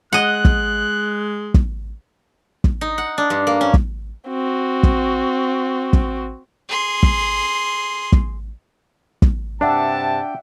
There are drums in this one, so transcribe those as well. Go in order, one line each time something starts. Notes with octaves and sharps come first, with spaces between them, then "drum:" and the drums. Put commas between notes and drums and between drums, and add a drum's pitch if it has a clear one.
G#3 D#5 F#5 F#6
drum: kick
drum: kick
drum: kick
D#4
F#5
D4
G2
A#3
C#4
drum: kick
C4 F#4
drum: kick
drum: kick
G#4 C6
drum: kick
drum: kick
drum: kick
G2 C3 D4 D5 E5 F#5 G5 A5